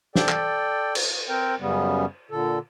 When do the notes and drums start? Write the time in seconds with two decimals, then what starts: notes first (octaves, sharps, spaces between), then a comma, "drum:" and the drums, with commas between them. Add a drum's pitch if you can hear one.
0.15 A4 D5 G5, drum: snare
0.29 drum: clap
0.95 drum: cymbal
1.29 C4 A#4 G5
1.60 F#2 C#3 G3 B3
2.31 A#2 D3 A4